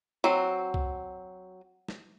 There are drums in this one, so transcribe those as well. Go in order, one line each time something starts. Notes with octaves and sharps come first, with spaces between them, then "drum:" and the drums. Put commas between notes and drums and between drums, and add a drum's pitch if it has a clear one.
F#3 C4
drum: kick C2
drum: snare